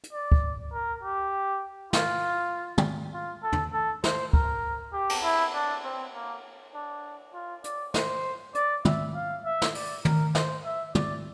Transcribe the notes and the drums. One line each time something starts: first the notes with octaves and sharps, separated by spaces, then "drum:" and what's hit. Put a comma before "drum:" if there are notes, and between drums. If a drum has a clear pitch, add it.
drum: hi-hat
D5
drum: kick
A#4
G4
F4, drum: snare
drum: tom
F4
A4
drum: tom
A4
C5, drum: snare
A#4, drum: kick
G4
drum: cymbal
E4
D4
C4
A#3
D4
F4
D5, drum: hi-hat
C5, drum: snare
D5, drum: hi-hat
E5, drum: tom
F5
E5
drum: snare
D5, drum: open hi-hat
A#4, drum: tom
C5, drum: snare
E5
D5, drum: tom